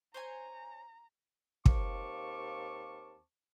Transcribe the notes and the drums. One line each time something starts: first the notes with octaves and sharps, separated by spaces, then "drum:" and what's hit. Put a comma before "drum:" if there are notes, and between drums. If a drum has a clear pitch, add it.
C5 C#5 G#5 A#5
D#2 C4 F5 A5 C#6 D6, drum: kick